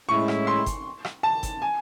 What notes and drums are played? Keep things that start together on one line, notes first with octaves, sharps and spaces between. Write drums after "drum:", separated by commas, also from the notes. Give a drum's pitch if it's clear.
A2 G#3 C#4 E4 C#6
drum: rim click
C6
drum: kick G1, hi-hat
drum: rim click
A5
drum: kick G1, hi-hat
G#5